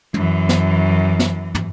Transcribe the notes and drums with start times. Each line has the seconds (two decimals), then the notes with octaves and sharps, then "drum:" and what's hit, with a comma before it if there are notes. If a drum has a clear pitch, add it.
0.14 F#2 E3, drum: tom
0.49 drum: snare
1.19 drum: snare
1.55 drum: tom